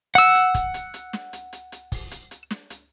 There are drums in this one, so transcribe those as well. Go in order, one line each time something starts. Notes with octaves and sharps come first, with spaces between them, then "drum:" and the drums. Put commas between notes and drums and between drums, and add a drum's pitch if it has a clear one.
F#5 E6, drum: hi-hat
drum: hi-hat
drum: kick, hi-hat
drum: hi-hat
drum: hi-hat
drum: snare
drum: hi-hat
drum: hi-hat
drum: hi-hat
drum: kick, open hi-hat
drum: hi-hat
drum: hi-hat
drum: snare
drum: hi-hat